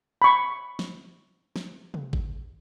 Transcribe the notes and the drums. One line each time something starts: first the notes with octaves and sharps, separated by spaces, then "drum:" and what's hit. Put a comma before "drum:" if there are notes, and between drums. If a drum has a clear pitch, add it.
B5 C#6
drum: snare
drum: snare
drum: tom C3
drum: kick G#1